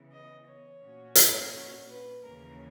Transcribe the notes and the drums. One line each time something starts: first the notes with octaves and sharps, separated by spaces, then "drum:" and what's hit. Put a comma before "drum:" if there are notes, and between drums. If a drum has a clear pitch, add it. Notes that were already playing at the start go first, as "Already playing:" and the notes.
Already playing: C#3 E3 B3
D#5
C#5
A#2 A#3 C#4 F#4
drum: hi-hat
C#5
B4
D#2 C#3 E3 A#3 C#4 A#4